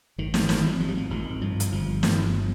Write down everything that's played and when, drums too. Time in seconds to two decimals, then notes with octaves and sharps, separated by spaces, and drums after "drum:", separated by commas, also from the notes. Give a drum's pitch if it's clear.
0.18 G#1 D#3
0.34 D#3, drum: snare
0.49 G#1 F3, drum: snare
0.65 G3
0.80 G#1 F3
0.89 G3
0.98 F3
1.10 G#1 D#3
1.41 G2 F3
1.60 drum: hi-hat
1.72 G1 F3
2.03 G1, drum: snare